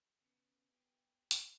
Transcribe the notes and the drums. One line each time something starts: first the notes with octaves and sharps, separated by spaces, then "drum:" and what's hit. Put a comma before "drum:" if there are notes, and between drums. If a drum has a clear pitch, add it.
C#3 B3
G4 G#4
drum: hi-hat